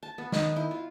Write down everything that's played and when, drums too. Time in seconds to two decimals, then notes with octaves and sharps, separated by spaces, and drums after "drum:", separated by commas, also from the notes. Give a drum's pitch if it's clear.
0.03 A5
0.18 B3
0.32 D#3, drum: snare
0.56 E4
0.71 F4